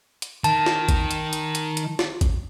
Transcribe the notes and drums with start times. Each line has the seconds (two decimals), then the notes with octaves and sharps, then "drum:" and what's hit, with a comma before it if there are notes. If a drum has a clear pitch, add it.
0.22 drum: hi-hat
0.44 D#3 A5, drum: hi-hat
0.66 drum: snare
0.89 drum: kick A1, hi-hat
1.11 drum: hi-hat
1.33 drum: hi-hat
1.55 drum: hi-hat
1.77 drum: hi-hat
1.99 drum: snare
2.21 drum: kick A1, hi-hat